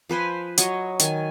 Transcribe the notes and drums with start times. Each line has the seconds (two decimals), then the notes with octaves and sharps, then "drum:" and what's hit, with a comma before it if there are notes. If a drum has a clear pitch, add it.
0.09 F3 B4 C5 G#5
0.58 F#3 C#5 D#5, drum: hi-hat
0.99 D#3 G#5, drum: hi-hat